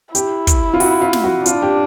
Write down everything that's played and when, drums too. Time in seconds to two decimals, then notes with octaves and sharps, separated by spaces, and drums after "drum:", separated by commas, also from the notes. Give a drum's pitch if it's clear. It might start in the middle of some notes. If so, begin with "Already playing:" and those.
0.15 E4 G4, drum: hi-hat
0.47 drum: kick, hi-hat
0.74 F4
0.80 F#4, drum: open hi-hat
1.01 F4
1.13 drum: snare
1.24 F#4
1.46 D4 F4, drum: hi-hat
1.62 G4